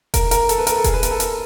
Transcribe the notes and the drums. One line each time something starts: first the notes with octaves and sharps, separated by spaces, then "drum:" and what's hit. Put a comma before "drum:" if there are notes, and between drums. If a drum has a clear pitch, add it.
A#4, drum: kick E1, hi-hat
A#4, drum: hi-hat
A4, drum: hi-hat
B4
A#4, drum: hi-hat
A4
G#4, drum: kick E1, hi-hat
B4
A#4, drum: hi-hat
A4
A#4, drum: hi-hat